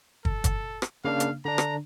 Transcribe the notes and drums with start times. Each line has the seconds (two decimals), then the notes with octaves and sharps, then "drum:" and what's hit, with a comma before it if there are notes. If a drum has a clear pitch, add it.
0.25 A4, drum: kick
0.44 drum: kick, hi-hat
0.82 drum: rim click
1.05 C#3 A#3 D4 F5
1.20 drum: hi-hat
1.45 D3 D4 A#5
1.58 drum: rim click